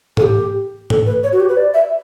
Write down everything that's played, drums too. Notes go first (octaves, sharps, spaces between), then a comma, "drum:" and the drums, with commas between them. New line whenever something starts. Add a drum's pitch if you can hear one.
A4, drum: tom G#2
G4
A4, drum: tom G#2
B4
C#5
F#4
G4
B4
D5
E5